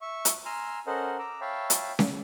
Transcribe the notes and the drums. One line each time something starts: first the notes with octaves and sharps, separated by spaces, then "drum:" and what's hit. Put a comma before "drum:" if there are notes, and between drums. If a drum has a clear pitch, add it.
E5 C#6
drum: hi-hat
G#5 A#5 C6 E6 F6
C#4 A4 A#4 C5 D#5 F#5
A#5 D6 E6
C#5 E5 F5 G5 A5 B5
drum: hi-hat
drum: snare C#4